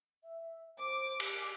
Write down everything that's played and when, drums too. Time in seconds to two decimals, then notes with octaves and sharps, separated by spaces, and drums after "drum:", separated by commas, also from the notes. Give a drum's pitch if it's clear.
0.23 E5
0.78 C5 D6
1.20 G4, drum: cymbal